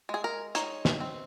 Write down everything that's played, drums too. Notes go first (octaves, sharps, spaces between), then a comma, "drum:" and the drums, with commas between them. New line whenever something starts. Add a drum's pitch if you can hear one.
G#3 G#4
A#4
D#4 C#5, drum: hi-hat
drum: snare
C4